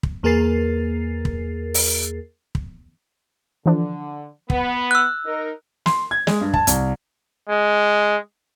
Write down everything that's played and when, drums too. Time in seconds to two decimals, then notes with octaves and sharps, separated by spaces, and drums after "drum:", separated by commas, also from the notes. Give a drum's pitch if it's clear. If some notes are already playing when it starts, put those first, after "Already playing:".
0.03 drum: kick
0.23 E2 A#3 G#4 A#4 A6 C7
1.25 drum: kick
1.74 drum: open hi-hat
2.55 drum: kick
3.66 D3 E3 F3 D4
4.50 B3, drum: kick
4.91 E6 F#6
5.25 D#4 A#4
5.86 C6, drum: snare
6.11 G#6
6.27 G#3, drum: snare
6.41 G2
6.54 A5, drum: kick
6.67 C2, drum: hi-hat
7.50 G#3